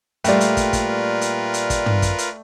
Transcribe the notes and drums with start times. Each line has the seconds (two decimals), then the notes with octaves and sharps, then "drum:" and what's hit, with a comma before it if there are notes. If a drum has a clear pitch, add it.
0.24 A#2 G3 A3 F4 A#4 B4 D5 G5, drum: hi-hat
0.41 drum: hi-hat
0.57 drum: kick, hi-hat
0.73 drum: kick, hi-hat
1.21 drum: hi-hat
1.54 drum: hi-hat
1.70 drum: kick, hi-hat
1.86 drum: tom
2.02 drum: kick, hi-hat
2.18 drum: hi-hat